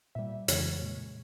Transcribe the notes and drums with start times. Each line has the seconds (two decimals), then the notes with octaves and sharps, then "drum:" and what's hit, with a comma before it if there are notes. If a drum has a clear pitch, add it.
0.15 A#2 G3 E5
0.48 F2 C#3 E3 G#3 C#5, drum: hi-hat
0.81 A#2 G#3